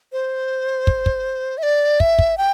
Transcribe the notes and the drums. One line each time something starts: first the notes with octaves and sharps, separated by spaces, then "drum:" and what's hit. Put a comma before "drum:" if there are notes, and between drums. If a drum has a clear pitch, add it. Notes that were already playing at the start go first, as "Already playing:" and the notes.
C5
drum: kick
drum: kick
E5
D5
E5, drum: kick
drum: kick
G5